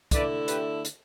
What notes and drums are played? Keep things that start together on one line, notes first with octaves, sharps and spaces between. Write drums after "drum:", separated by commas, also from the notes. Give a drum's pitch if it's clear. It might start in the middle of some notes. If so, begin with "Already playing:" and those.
D3 A3 E4 B4 D5, drum: kick, hi-hat
G4 B4, drum: hi-hat
drum: hi-hat